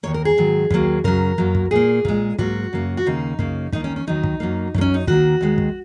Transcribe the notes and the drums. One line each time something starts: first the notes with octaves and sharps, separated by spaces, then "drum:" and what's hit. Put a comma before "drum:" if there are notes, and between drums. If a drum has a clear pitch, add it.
D#2 C#3 A#3 C#5
A#4
G#4
G#2 D#3 F#3
D#2 D#3 F#3 A#3, drum: kick
F#2 C#3 F#3 A#4, drum: kick
F#2 F#3 A#3
drum: kick
A#2 A#3 G#4
A#2 G#3, drum: kick
G#2 F#3 A#3 F#4, drum: kick
F#2 C#3 A#3
F#4
D#2 C#3 A#3 D#4
F#2 C#3 A#3, drum: kick
D#2 D#3 A#3 D#4, drum: kick
C#4
C#4
D#2 D#3 F#3 D#4
drum: kick
F#2 F#3 A#3
F#2 F#3 A#3, drum: kick
C#4
D#4
D#2 D#3 A#3 F#4, drum: kick
D#2 D#3 G#3
drum: kick